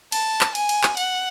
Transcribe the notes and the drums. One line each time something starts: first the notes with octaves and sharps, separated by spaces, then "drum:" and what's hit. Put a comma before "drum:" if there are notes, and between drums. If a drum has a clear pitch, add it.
A5, drum: cymbal
drum: clap
G#5, drum: cymbal
drum: cymbal
drum: clap
F#5, drum: cymbal